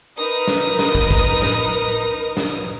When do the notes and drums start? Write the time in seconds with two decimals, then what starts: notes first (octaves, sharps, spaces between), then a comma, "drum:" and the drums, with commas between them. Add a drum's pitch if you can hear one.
0.16 D#4 A#4 B4 D#6
0.47 drum: snare
0.79 drum: snare
0.95 drum: kick
1.11 drum: kick
1.26 drum: tom
1.42 drum: snare
2.37 drum: snare